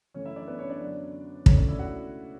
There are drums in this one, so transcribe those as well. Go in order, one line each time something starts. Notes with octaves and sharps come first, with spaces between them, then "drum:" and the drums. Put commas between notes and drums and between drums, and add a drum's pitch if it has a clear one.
F#2 E3 A3 C#4 C#5
E4 E5
D4 D5
B3 B4
C#4 C#5
D4 D5
F#2 D3 F#3 B3
C#2 B2 A3 C#4 C#5, drum: kick
D4 D5
E4 E5
F#4 F#5